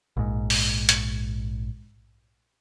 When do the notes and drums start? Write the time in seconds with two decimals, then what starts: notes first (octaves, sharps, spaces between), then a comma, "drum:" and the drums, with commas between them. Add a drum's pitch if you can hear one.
0.17 A#1 G#2
0.50 drum: open hi-hat
0.89 drum: hi-hat